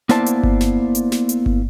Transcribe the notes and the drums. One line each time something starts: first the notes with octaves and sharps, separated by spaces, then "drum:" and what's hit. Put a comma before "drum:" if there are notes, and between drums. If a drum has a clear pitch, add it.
A#3 B3 E4 C5 D5 A5, drum: snare
drum: hi-hat
drum: kick G1
drum: snare
drum: hi-hat
drum: snare
drum: hi-hat
drum: kick G1